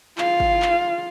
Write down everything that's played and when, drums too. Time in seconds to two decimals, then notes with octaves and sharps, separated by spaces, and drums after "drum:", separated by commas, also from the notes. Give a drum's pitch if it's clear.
0.18 F4 F5, drum: clap
0.40 drum: kick G1
0.62 drum: clap